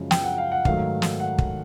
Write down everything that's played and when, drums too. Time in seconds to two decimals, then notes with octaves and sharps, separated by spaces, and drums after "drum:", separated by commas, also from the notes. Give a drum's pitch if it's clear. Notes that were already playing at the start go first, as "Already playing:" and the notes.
Already playing: F#2 C#3 F3 G#3
0.11 G5, drum: snare
0.24 F#5
0.38 F5
0.52 F#5
0.65 G#2 D#3 F#3 A3 F5, drum: kick
1.02 drum: snare
1.20 F#5
1.38 drum: kick